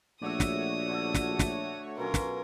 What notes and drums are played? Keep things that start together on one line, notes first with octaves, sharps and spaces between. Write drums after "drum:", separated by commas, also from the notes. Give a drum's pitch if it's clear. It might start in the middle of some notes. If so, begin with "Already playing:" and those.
A#1 A3 F#4 C#5 D5 E5 D#6
drum: snare
D3 D4 A4
drum: snare
drum: snare
B2 F#3 C#4 F4 A#4
drum: snare